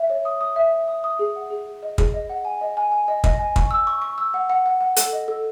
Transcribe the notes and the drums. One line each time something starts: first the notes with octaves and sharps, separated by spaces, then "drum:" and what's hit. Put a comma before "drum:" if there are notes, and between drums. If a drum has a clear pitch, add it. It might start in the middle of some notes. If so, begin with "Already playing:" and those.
Already playing: E5
C#5
D#6
D#6
E5
E5
D#6
D#6
G#4
F#5
G#4
G#4
D#5
G#4, drum: kick
D#5
F#5
G#5
D#5
G#5
G#5
D#5
D#5, drum: kick
G#5
C#6, drum: kick
E6
C#6
C#6
E6
F#5
F#5
F#5
F#5
A4, drum: hi-hat
D#5
A4